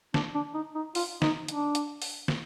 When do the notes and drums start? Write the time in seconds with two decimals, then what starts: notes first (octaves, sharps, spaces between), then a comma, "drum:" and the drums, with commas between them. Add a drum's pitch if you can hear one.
0.14 D4, drum: snare
0.35 D4
0.54 D#4
0.75 D#4
0.95 F4, drum: open hi-hat
1.22 D#4, drum: snare
1.48 D4, drum: hi-hat
1.75 drum: hi-hat
2.02 drum: open hi-hat
2.28 drum: snare